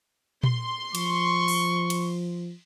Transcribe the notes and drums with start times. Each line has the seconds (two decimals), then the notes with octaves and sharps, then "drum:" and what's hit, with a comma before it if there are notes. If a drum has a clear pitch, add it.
0.43 C6, drum: tom A#2
0.95 F3 C#6, drum: cymbal
1.48 drum: open hi-hat
1.90 drum: cymbal